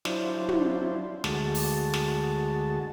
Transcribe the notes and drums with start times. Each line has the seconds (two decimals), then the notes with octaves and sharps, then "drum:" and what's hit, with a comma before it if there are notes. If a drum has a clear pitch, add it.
0.05 F#3 D4 E4 F4 C5, drum: snare
0.49 drum: tom
1.24 D2 G#3 F#4 A5, drum: snare
1.55 drum: open hi-hat
1.94 drum: snare